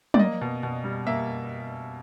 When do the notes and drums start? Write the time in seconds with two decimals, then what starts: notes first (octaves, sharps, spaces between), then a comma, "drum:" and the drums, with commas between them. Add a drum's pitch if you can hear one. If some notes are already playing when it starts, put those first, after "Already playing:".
0.14 D5, drum: tom
0.19 A#3 D#5
0.41 B2
0.63 B2
0.84 G3
1.07 A#3 E5